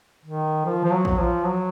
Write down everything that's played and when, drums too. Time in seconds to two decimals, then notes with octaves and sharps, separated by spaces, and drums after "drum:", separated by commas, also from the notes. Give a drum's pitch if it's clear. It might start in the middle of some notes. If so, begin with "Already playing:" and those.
0.25 D#3
0.65 F3
0.84 F3
0.91 F#3
1.05 drum: kick A1
1.18 F3
1.45 F#3